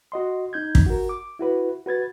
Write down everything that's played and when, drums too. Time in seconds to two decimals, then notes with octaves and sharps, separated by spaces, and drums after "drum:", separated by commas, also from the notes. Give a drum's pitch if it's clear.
0.12 F#4 D#5 C6
0.53 D#4 G6 G#6
0.75 drum: kick
0.86 F#4 A#4
1.09 D6
1.39 E4 F#4 B4
1.86 F#4 B4 G#6 A6